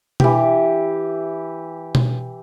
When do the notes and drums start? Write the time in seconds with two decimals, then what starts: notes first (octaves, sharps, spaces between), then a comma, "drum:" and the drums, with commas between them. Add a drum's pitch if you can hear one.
0.20 E3 G4, drum: tom B2
1.95 drum: tom B2